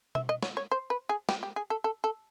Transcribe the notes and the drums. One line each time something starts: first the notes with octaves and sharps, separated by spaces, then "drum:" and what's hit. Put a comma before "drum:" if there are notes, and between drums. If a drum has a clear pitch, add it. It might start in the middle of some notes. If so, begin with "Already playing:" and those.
E5, drum: tom B2
D#5
C#5, drum: snare
C#5
C5
B4
G#4
G4, drum: snare
G4
G#4
A4
A4
A4